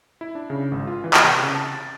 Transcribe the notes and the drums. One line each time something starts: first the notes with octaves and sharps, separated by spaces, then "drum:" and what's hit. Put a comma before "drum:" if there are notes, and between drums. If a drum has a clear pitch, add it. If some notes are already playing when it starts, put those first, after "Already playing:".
E4
D4
C#3
G#1
F4
E3
drum: clap
C3
C#3
A5
A6